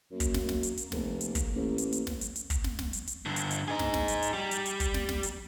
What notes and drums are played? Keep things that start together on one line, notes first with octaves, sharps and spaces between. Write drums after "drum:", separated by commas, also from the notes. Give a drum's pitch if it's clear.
F#2 A#3
drum: kick, hi-hat
drum: snare
drum: snare
drum: hi-hat
drum: hi-hat
F1, drum: snare
drum: hi-hat
drum: kick, hi-hat
A1
drum: hi-hat
drum: hi-hat
drum: snare
drum: hi-hat
drum: hi-hat
drum: kick, hi-hat
drum: snare
drum: snare
drum: hi-hat
drum: hi-hat
G2 D3
drum: hi-hat
drum: hi-hat
D#4 G#4
drum: snare
drum: snare
drum: hi-hat
drum: hi-hat
G3
drum: hi-hat
drum: hi-hat
drum: kick, hi-hat
drum: snare
drum: snare
drum: hi-hat